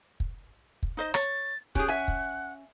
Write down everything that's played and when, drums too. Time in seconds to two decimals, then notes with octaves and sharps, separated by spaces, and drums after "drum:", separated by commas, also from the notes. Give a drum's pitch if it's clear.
0.20 drum: kick
0.83 drum: kick
0.97 D#4 C5 D#5
1.14 C#5 A6, drum: rim click
1.75 C#4 G4 G#4 G#5 F#6, drum: kick
1.88 E5 F#5 G#5
2.08 drum: kick